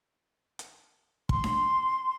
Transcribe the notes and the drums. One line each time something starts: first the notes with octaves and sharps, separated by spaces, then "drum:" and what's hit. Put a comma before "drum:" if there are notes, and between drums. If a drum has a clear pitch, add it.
drum: hi-hat
C6, drum: kick
drum: snare D4